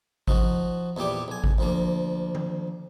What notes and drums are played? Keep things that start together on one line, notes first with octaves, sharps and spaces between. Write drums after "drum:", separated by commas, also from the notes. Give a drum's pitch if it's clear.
F3 D#4 F#4, drum: kick G#1
E2 A#2 G3 G4 D6
B1 G#5
drum: kick G#1
D2 F3 A#3
drum: tom D#3